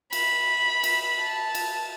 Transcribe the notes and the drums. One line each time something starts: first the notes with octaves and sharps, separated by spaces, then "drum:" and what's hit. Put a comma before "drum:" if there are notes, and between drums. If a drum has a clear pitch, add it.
B5, drum: cymbal
drum: cymbal
A5
drum: cymbal